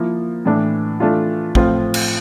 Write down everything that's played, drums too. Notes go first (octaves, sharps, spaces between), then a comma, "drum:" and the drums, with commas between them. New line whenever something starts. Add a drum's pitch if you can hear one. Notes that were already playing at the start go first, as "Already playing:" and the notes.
Already playing: F3 A#3 E4
A2 E3 A3 D4
E3 A3 D4 F4
A2 F3 C4 F4, drum: kick
drum: cymbal